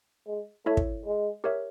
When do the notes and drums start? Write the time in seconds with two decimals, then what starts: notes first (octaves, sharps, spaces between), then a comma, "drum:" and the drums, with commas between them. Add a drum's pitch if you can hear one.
0.27 G#3
0.66 A3 E4 A4 C#5 E5
0.77 drum: kick
1.06 G#3
1.44 G4 A#4 C#5 E5